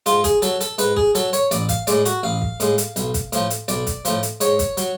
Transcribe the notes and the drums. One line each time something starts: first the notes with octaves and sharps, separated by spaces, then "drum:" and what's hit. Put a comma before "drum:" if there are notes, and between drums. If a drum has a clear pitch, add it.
G#2 F4, drum: hi-hat
G#4, drum: kick, hi-hat
F#3 A4, drum: hi-hat
A4, drum: hi-hat
G#2 B4, drum: hi-hat
G#4, drum: kick
F#3 A4, drum: hi-hat
C#5, drum: hi-hat
A1 D5, drum: hi-hat
F5, drum: kick, hi-hat
A2 G#3 D5, drum: hi-hat
F#4, drum: hi-hat
A1 F5
drum: kick
A2 G#3, drum: hi-hat
drum: hi-hat
B1, drum: hi-hat
drum: kick, hi-hat
A2 F3, drum: hi-hat
drum: hi-hat
B1 D5, drum: hi-hat
drum: kick, hi-hat
A2 F3, drum: hi-hat
drum: hi-hat
G#2 C#5, drum: hi-hat
drum: kick, hi-hat
F#3, drum: hi-hat